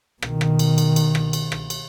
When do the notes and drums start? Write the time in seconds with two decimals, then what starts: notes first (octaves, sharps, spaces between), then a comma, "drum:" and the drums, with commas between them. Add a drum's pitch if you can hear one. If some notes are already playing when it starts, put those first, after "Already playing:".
0.22 B2 D#3, drum: rim click
0.41 drum: rim click
0.59 drum: cymbal
0.78 drum: cymbal
0.96 drum: cymbal
1.15 drum: rim click
1.33 drum: cymbal
1.52 drum: rim click
1.70 drum: cymbal